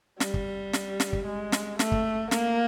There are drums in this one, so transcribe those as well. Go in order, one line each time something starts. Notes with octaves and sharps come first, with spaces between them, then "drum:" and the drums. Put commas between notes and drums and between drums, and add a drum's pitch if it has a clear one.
G3, drum: snare
drum: kick
drum: snare
drum: snare
drum: kick
G#3
drum: snare
A3, drum: snare
drum: kick
A#3, drum: snare